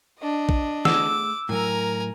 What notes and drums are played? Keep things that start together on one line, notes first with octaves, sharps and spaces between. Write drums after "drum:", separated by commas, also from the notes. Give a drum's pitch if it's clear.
D4 D#5
drum: kick
A3 G#4 F#5 D6 E6, drum: snare
A2 F#3 A#4 G#5 A#5